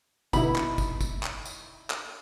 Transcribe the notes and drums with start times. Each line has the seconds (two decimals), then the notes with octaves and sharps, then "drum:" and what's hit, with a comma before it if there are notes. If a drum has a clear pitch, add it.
0.33 B2 D3 B3 D#4 E4 B5, drum: kick, tambourine
0.56 drum: clap
0.78 drum: kick, tambourine
1.01 drum: kick, tambourine
1.23 drum: clap
1.45 drum: tambourine
1.90 drum: clap